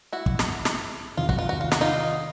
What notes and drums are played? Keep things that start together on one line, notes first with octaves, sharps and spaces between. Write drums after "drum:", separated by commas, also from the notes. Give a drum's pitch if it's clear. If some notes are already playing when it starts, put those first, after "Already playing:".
E4 F#4
drum: kick
drum: snare
drum: snare
E2 C3 D#3 F4
F#4, drum: kick
F4
F#4
F4
F#4, drum: snare
D#4 F4